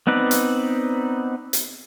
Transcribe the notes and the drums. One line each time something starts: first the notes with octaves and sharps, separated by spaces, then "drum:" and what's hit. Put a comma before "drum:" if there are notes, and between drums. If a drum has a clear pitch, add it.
B3 C4 D#4 B4 D5
drum: hi-hat
drum: hi-hat